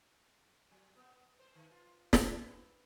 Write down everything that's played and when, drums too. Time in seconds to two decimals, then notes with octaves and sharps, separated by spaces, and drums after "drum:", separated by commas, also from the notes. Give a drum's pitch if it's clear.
0.71 F#3
0.96 B3
1.39 C5
1.55 D#3
1.71 F4
2.13 B4, drum: snare
2.39 G2